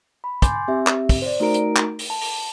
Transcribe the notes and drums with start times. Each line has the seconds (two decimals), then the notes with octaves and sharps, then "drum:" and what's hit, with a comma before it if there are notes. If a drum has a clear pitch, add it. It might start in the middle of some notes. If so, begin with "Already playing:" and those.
0.24 B5
0.42 G#5 C6 D6 G6 A6, drum: kick, hi-hat
0.68 C4 G4 E5
0.87 drum: clap
1.09 drum: kick, open hi-hat
1.22 C5 D5
1.40 A3 D#4 F#4 A#4 A#5 D7
1.54 drum: hi-hat
1.77 drum: clap
1.99 drum: open hi-hat
2.10 A5
2.21 drum: open hi-hat